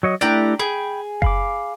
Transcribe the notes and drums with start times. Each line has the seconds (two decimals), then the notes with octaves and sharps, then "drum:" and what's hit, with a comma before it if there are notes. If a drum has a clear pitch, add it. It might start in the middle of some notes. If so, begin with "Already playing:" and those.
0.03 F#3 C#5 D#5
0.21 A3 D4 E4 G4 D5 A#5
0.59 G#4 G5 B5
1.22 F5 B5 D6, drum: kick F#1